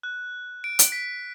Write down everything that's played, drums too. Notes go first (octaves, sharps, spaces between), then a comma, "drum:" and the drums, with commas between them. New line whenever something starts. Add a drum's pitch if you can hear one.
F#6
D7
drum: hi-hat
B6